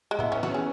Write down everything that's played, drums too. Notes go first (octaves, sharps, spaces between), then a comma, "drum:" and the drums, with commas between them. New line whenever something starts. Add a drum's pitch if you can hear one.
G#3
B3 E4, drum: tom
C#4
B3
F#4, drum: snare
C#4 G#4